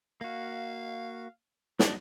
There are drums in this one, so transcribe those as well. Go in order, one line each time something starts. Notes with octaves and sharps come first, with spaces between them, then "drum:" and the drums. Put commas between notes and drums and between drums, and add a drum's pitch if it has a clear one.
A#3 F#4 F5
F#3 D4 D#4, drum: snare